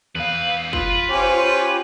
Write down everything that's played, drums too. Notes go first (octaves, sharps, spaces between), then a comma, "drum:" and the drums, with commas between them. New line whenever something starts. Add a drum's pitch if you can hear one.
E2 B4 F5
F4 B4, drum: kick
C#4 G4 C5